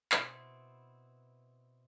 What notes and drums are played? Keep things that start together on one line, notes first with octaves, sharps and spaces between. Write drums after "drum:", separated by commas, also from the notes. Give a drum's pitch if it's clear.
B2 C4 E4, drum: clap